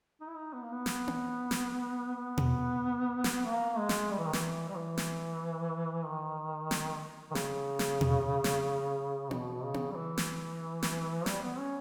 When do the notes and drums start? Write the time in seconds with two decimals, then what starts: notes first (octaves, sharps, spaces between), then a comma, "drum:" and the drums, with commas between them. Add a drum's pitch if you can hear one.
0.21 D#4
0.28 E4
0.35 D#4
0.53 B3
0.63 A#3
0.72 B3
0.86 drum: snare
1.08 drum: tom B3
1.51 drum: snare
2.16 B3
2.38 drum: tom B2
3.24 drum: snare
3.46 A#3
3.79 G#3
3.89 drum: snare
4.11 G3
4.19 E3
4.26 D#3
4.33 E3, drum: snare
4.69 G3
4.76 E3
4.98 drum: snare
6.06 D#3
6.71 drum: snare
7.31 D#3
7.35 C#3, drum: snare
7.79 drum: snare
8.01 drum: tom B2
8.44 drum: snare
9.31 B2, drum: tom B3
9.53 B2
9.64 C#3
9.74 drum: tom B3
9.91 G3
9.96 E3
10.18 drum: snare
10.83 drum: snare
11.26 G3, drum: snare
11.42 B3
11.59 C#4